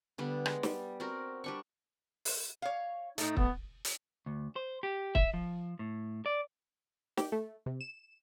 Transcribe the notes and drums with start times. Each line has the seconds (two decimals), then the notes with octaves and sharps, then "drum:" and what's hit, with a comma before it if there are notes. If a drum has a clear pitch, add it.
0.18 D3 G3 B3
0.46 G#3, drum: rim click
0.63 G3, drum: snare
1.00 C4 F#4 A#4
1.44 G3 D4 C#6
2.25 drum: open hi-hat
2.62 C#5 F5
3.18 A2 A3 D#4, drum: hi-hat
3.37 B3, drum: kick
3.85 drum: hi-hat
4.26 D2
4.56 C5
4.83 G4
5.15 E5, drum: kick
5.34 F3
5.79 A2
6.26 D5
7.17 G4, drum: snare
7.32 A3
7.66 C3
7.81 E7